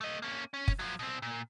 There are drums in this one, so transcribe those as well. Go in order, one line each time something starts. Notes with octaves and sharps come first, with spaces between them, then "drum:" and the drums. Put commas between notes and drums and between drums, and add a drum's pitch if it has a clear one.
A3 D#5
A#3 C#4
C#4
drum: kick
F3 F#3
B2 C4
A#2